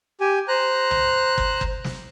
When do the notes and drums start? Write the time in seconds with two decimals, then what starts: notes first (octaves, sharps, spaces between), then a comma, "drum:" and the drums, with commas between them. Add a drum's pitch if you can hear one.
0.21 G4 G#5
0.48 C5 A#5 F#6
0.91 drum: tom C2
1.38 drum: kick G1
1.61 drum: kick G1
1.84 drum: snare